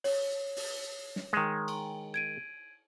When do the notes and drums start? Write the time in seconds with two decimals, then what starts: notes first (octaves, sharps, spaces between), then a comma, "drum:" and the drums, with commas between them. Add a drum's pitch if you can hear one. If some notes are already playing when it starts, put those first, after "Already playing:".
0.04 C#5, drum: open hi-hat
0.56 drum: open hi-hat
1.16 drum: snare
1.33 D#3 G#3
1.68 drum: cymbal
2.14 G#6 D7 D#7